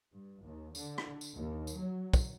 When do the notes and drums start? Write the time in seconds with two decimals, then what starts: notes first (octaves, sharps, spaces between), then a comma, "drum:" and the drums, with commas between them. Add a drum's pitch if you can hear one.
0.15 G2
0.44 D#2
0.75 D3, drum: tambourine
0.98 drum: rim click
1.21 drum: tambourine
1.35 D#2
1.67 drum: tambourine
1.77 F#3
2.14 drum: kick, tambourine